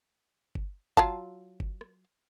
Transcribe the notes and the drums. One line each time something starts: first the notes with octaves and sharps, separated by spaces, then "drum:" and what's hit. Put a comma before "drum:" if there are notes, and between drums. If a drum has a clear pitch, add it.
drum: kick G1
F#3 F4 A5, drum: kick G1
drum: kick G1
drum: rim click